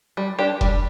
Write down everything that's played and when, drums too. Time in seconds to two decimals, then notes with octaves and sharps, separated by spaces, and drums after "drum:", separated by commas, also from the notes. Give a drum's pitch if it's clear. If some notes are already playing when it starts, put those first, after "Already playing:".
0.17 G3
0.39 D4 G4
0.61 G3, drum: kick F1